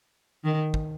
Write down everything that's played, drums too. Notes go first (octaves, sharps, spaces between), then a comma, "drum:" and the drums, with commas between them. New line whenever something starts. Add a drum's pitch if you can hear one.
D#3
drum: kick